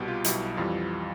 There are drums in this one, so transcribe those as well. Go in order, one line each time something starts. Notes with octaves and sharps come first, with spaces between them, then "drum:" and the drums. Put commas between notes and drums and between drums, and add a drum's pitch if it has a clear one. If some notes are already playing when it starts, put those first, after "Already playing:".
Already playing: C2 B2 G3 G4
F4
B1 B2 G3 E4, drum: hi-hat
F2 E3 G3 F4